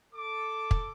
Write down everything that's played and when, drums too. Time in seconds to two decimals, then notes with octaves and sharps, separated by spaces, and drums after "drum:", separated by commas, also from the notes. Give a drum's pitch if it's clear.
0.13 A4 D6
0.71 drum: kick